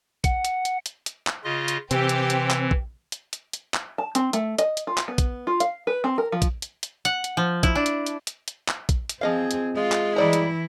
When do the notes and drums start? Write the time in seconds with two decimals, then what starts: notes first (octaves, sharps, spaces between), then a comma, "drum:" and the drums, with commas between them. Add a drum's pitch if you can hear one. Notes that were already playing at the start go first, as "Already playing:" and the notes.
0.24 F#5, drum: kick, hi-hat
0.45 drum: hi-hat
0.65 drum: hi-hat
0.86 drum: hi-hat
1.06 drum: hi-hat
1.27 drum: clap
1.44 C#3 F4 D#5
1.68 drum: hi-hat
1.91 C3 E3 C4 G4, drum: hi-hat
2.09 drum: hi-hat
2.30 drum: hi-hat
2.50 drum: clap
2.71 drum: kick
3.12 drum: hi-hat
3.33 drum: hi-hat
3.53 drum: hi-hat
3.74 drum: clap
3.98 A5
4.15 C4, drum: hi-hat
4.33 A3, drum: hi-hat
4.59 D#5, drum: hi-hat
4.77 drum: hi-hat
4.87 F4
4.98 drum: clap
5.08 B3
5.18 drum: kick, hi-hat
5.47 F4
5.60 F5, drum: hi-hat
5.87 B4
6.04 C4
6.18 A#4
6.32 F3
6.42 drum: kick, hi-hat
6.62 drum: hi-hat
6.83 drum: hi-hat
7.05 F#5, drum: hi-hat
7.24 drum: hi-hat
7.37 F3
7.63 E4, drum: kick, hi-hat
7.75 D4
7.86 drum: hi-hat
8.06 drum: hi-hat
8.27 drum: hi-hat
8.48 drum: hi-hat
8.68 drum: clap
8.89 drum: kick, hi-hat
9.09 drum: hi-hat
9.21 F3 C4 G#4 D#5 F5
9.51 drum: hi-hat
9.76 G#3 F4
9.92 drum: clap
10.16 E3 G3 E4 D5 A#5
10.33 drum: hi-hat